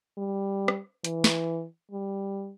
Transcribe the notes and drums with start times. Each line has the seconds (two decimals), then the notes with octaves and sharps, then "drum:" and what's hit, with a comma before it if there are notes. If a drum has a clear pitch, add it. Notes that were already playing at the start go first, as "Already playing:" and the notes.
0.18 G3
0.68 drum: rim click
1.04 E3, drum: hi-hat
1.24 drum: snare
1.92 G3